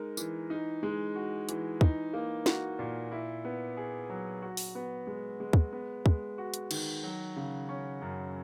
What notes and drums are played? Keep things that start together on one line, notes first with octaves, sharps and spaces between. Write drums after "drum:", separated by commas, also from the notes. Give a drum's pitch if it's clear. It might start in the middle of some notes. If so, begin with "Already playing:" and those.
Already playing: G#3 D#4 A#4
E3, drum: tambourine
D#4
G#3
F#4
E3, drum: hi-hat
D#4, drum: kick
A#3
F#4, drum: snare
A#2
E4
B3
G#4
F#3
F#4
drum: open hi-hat
B3
G#3
G#3
drum: kick
B3
G#3, drum: kick
F#4
drum: hi-hat
D#3, drum: cymbal
F#3
C#3
C#4
F#2